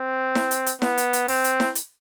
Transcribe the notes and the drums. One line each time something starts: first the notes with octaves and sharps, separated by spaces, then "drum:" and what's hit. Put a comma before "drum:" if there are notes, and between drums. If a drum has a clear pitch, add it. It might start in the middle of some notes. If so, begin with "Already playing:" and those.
Already playing: C4
drum: snare E4
drum: hi-hat
drum: hi-hat
B3, drum: snare E4
drum: hi-hat
drum: hi-hat
C4, drum: open hi-hat
drum: hi-hat
drum: snare E4
drum: hi-hat